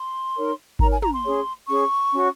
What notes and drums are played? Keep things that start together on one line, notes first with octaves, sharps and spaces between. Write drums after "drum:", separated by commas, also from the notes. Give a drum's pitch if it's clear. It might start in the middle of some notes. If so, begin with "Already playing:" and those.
Already playing: C6
D#4 A#4 C#5
D#4 A#4 C#5 A#5, drum: kick G#1
G#5
A#5, drum: tom
C6
C#4 G#4 C#5
C#4 G#4 C#5 C#6
C#4 F#4 C#5